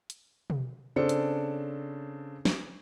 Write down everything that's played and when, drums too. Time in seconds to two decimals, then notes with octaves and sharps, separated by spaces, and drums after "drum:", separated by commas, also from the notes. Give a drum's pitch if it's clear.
0.10 drum: hi-hat
0.50 drum: tom B2
0.96 C#3 C4 D4 A4 C#7
1.09 drum: hi-hat
2.45 drum: snare